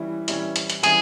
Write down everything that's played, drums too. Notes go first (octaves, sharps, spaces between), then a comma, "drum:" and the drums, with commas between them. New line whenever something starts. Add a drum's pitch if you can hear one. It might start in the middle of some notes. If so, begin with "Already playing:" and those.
Already playing: E3 G3 C#4 E4
E3 G3 C#4 E4, drum: hi-hat
drum: hi-hat
drum: hi-hat
E3 G3 C#4 E4 G#4, drum: hi-hat